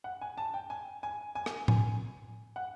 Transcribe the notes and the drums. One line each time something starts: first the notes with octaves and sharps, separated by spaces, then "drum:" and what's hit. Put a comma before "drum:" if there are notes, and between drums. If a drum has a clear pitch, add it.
F#5
G#5
A5
G5
G#5
G#5
G#5
drum: rim click
G#5, drum: tom A2
F#5